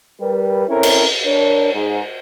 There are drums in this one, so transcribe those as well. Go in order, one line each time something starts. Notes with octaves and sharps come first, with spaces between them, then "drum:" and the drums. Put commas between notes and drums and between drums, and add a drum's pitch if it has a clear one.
G3 A#4 B4
C4 C#4 E4 A4 A#4 C#5
drum: cymbal
D4 A#4 C#5
G#2